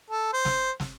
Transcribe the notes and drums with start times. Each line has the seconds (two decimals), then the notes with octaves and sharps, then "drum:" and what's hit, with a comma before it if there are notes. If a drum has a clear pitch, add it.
0.10 A4
0.33 C5
0.45 drum: snare
0.80 drum: snare